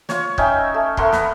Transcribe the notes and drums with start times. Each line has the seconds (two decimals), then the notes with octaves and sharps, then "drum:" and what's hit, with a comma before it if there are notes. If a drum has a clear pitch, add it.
0.09 F4 C#5, drum: snare
0.38 C#4 D#4 E5 G5, drum: kick
0.74 A3
0.97 A3 B3 A#4 C6, drum: kick
1.12 B4, drum: snare